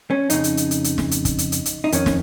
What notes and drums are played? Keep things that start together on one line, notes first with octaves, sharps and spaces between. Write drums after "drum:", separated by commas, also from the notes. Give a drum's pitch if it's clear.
C#4
F2 C#3 D#4, drum: hi-hat
drum: hi-hat
drum: hi-hat
drum: hi-hat
drum: hi-hat
drum: snare
drum: hi-hat
drum: kick, hi-hat
drum: hi-hat
drum: hi-hat
drum: hi-hat
D#4
F2 D#3 C#4, drum: hi-hat
drum: snare